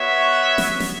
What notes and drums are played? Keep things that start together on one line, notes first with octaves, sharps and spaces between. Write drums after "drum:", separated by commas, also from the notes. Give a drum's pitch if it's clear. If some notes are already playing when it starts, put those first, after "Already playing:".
Already playing: B3 F#4 C#5 E5
drum: snare
drum: snare